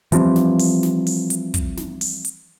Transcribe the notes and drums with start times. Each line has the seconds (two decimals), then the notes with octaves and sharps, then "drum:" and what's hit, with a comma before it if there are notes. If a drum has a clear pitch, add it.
0.12 E3 F3 G3 C4, drum: hi-hat
0.36 drum: snare
0.59 drum: open hi-hat
0.83 drum: snare
1.07 drum: open hi-hat
1.30 drum: hi-hat
1.54 drum: kick, hi-hat
1.77 drum: snare
2.01 drum: open hi-hat
2.25 drum: hi-hat